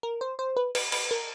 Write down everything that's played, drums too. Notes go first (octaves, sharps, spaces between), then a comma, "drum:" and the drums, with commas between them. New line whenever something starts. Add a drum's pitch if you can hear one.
A#4
C5
C5
B4
B4, drum: cymbal
B4, drum: cymbal
A#4